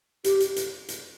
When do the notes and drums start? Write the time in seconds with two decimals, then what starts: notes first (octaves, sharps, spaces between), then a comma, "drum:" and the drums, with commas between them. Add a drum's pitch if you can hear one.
0.24 G4, drum: hi-hat
0.40 drum: hi-hat
0.56 drum: hi-hat
0.89 drum: hi-hat